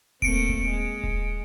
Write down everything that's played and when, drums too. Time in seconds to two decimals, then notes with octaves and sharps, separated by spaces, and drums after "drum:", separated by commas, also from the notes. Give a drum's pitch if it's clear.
0.22 A3 A#3 C4 C#7 D7, drum: kick D#1
0.49 drum: kick D#1
0.70 G#3
1.03 drum: kick D#1